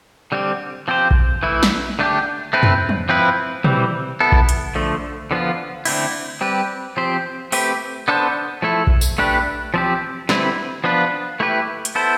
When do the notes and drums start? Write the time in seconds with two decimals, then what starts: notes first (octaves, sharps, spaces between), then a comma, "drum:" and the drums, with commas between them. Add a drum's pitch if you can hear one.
0.32 D3 G3 C4 G4
0.88 F3 C4 G4 C5
1.11 drum: kick A#1
1.43 E3 A3 E4
1.63 drum: snare
1.99 D3 A3 D4 G4
2.53 A3 C4 E4 B4
2.63 drum: tom
2.89 drum: tom
3.09 F3 C4 E4 B4
3.64 E3 G3 C4, drum: tom
4.20 B3 E4 A4
4.32 drum: kick A#1
4.49 drum: hi-hat
4.75 D3 F3 A3
5.31 D3 F3 B3 F4
5.85 D3 A3 C4 E4, drum: cymbal
6.41 G3 C4 G4 B4
6.97 F3 C4 G4 C5
7.52 A3 C4 G4 B4, drum: open hi-hat
8.08 B3 D4 A4 C5
8.62 F3 A3 E4 A4
8.87 drum: kick A#1
9.01 drum: tambourine
9.18 A3 D4 G4 B4
9.74 F3 C4 G4
10.29 D3 G3 C4 E4 B4, drum: snare
10.84 F3 B3 D4 F4 B4
11.40 A3 E4 G4 B4
11.85 drum: hi-hat
11.95 B3 E4 A4 C5